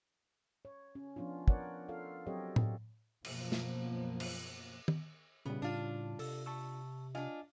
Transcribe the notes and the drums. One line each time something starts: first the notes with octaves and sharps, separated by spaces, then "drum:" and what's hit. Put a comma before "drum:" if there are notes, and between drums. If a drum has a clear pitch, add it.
C#5
C#4
F3 B3 C#4 D4 F4
B3 A#4 C#5 D5 F#5, drum: kick
F4 A4 F5
F#3 C4 G4 A4 C#5 D#5
drum: tom A2
F#2 B2 F3 A#3, drum: cymbal
drum: snare
drum: cymbal
drum: tom D#3
A#2 C#3 G3 B3
A2 D4 F4
C3 A4 E6, drum: open hi-hat
A5 C#6 E6
D4 F4 D#5 G#5